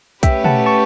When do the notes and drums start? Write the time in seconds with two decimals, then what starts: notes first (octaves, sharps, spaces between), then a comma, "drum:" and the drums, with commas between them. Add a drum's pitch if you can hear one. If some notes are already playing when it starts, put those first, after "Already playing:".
0.23 A3 C#4 G4 B4 E5 G5, drum: kick B1, hi-hat
0.44 F#5 A5, drum: tom
0.66 A5 C#6